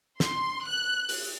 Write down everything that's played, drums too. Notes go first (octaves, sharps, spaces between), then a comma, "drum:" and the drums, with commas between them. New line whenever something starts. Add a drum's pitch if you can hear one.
C6, drum: snare
F#6
drum: open hi-hat